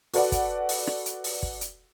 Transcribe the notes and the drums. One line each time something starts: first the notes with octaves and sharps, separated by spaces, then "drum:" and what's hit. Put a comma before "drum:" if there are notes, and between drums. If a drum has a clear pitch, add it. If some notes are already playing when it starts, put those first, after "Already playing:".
F#4 A4 B4 D5 F#5, drum: open hi-hat
drum: kick, hi-hat
drum: open hi-hat
drum: rim click
drum: hi-hat
drum: open hi-hat
drum: kick
drum: hi-hat